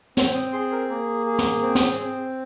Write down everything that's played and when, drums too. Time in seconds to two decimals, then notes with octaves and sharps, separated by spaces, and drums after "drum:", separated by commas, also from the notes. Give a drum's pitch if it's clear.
0.17 C4 C6, drum: snare
0.35 D#6
0.53 G#4 C6
0.72 A#4
0.90 A#3
1.26 G#4
1.39 drum: snare
1.62 C4
1.75 drum: snare
1.98 C4